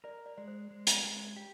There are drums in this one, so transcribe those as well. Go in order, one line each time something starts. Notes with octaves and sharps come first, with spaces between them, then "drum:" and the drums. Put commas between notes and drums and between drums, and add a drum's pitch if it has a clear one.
A#4 D5
D5
G#3 D5
C5
G#3
drum: hi-hat
G#3
G4